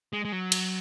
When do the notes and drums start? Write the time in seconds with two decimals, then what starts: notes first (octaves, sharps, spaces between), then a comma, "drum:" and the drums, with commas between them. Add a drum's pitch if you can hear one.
0.13 G#3
0.25 G#3
0.32 F#3
0.52 drum: cymbal